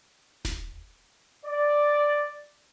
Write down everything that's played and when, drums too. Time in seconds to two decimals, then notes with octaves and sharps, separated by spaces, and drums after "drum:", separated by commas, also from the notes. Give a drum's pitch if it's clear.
0.45 drum: snare D#1
1.45 D5